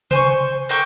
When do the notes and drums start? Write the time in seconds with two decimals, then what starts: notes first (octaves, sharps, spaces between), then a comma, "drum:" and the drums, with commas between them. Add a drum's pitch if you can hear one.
0.11 C5 G#5 C#6, drum: tom C3
0.69 A#3 A4 G5 C#6